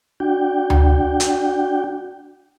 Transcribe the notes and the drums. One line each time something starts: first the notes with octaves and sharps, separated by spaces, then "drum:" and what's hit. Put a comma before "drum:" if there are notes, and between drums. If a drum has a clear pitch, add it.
D4 F#4 G5
drum: tom D2
drum: hi-hat